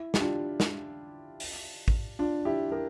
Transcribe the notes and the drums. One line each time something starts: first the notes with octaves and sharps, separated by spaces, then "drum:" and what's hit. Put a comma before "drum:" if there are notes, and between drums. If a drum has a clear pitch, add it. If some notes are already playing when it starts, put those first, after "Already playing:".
Already playing: E4
G4, drum: snare
D4 F4
drum: snare
drum: open hi-hat
drum: kick
D4 F4
E4 G4
G4 A#4